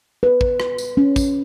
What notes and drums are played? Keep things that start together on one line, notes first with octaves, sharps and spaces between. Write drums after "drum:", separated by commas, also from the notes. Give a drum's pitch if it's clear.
B4
drum: kick
drum: rim click
drum: tambourine
C#4
drum: kick, tambourine